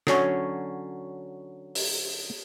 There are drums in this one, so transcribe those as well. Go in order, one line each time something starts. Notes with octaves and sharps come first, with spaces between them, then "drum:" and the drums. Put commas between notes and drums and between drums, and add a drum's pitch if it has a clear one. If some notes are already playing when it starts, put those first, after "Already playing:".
D3 F#3 C#4 C#5, drum: rim click
drum: open hi-hat